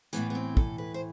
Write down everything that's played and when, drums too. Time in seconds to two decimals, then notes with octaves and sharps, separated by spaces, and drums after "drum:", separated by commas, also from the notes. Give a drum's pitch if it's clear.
0.13 A2 E3 B3, drum: hi-hat
0.30 B3
0.35 C4
0.57 A4, drum: kick
0.78 B4
0.94 C5